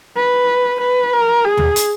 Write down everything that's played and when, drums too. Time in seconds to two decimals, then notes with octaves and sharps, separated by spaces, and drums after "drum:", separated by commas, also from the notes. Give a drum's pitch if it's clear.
0.17 B4
0.81 B4
1.13 A#4
1.45 G#4
1.57 drum: tom
1.76 drum: hi-hat